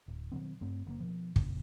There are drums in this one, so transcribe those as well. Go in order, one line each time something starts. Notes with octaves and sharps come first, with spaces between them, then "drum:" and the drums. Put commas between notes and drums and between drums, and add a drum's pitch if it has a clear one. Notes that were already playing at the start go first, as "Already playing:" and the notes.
D1
B2 D#3 F#3 C4
G2 A3 C4
F#1 F#2 A#3
B2 F3
F2 A#2 C#3, drum: kick